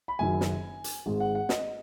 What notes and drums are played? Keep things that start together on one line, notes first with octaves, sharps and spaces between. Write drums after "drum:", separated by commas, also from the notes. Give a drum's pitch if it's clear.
B5
F#1 F#2 D#3 F#3 G#5
drum: snare
drum: hi-hat
G#1 G#2 G#3
F#5
F#5
D#5, drum: snare